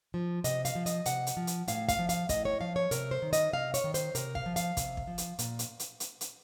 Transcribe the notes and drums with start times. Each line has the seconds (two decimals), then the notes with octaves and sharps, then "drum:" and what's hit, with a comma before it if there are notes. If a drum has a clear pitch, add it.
0.14 F3
0.44 C3 D#5, drum: hi-hat
0.65 F5, drum: hi-hat
0.75 F3
0.86 D#5, drum: hi-hat
1.05 C3 F#5, drum: hi-hat
1.27 drum: hi-hat
1.37 F3
1.47 drum: hi-hat
1.68 A2 F5, drum: hi-hat
1.89 F5, drum: kick, hi-hat
1.99 F3
2.09 F5, drum: hi-hat
2.29 A2 D#5, drum: kick, hi-hat
2.45 C#5
2.61 F3 F5
2.76 C#5
2.91 C3 A#4, drum: hi-hat
3.11 C5
3.22 D#3
3.33 D#5, drum: hi-hat
3.53 C3 F5
3.74 C#5, drum: hi-hat
3.84 D#3
3.94 C5, drum: hi-hat
4.15 C3 A#4, drum: hi-hat
4.35 F5, drum: kick
4.46 F3
4.56 F5, drum: hi-hat
4.77 C3, drum: kick, hi-hat
4.97 drum: kick
5.07 F3
5.18 drum: hi-hat
5.39 A#2, drum: hi-hat
5.59 drum: hi-hat
5.80 drum: hi-hat
6.00 drum: hi-hat
6.21 drum: hi-hat